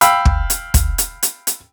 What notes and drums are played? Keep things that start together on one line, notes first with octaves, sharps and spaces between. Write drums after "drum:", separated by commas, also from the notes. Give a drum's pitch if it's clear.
F5 G5 B5 E6, drum: hi-hat
drum: kick
drum: hi-hat
drum: kick, hi-hat
drum: hi-hat
drum: hi-hat
drum: hi-hat